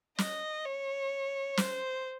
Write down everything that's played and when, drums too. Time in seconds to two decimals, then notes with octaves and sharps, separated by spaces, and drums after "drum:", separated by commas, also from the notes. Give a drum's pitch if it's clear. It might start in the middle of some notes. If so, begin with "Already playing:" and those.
0.18 D#5, drum: snare
0.65 C#5
1.57 C5, drum: snare